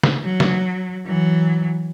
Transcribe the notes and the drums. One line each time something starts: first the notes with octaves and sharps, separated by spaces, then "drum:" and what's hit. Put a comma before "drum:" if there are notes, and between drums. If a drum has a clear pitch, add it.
drum: snare
F#3
drum: snare
E3 F#3